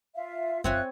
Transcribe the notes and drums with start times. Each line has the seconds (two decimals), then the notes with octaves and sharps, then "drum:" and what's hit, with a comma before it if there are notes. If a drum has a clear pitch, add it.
0.15 F4 E5 F5
0.64 C4 F4 C#5 E5 G#5 F#6, drum: kick F#2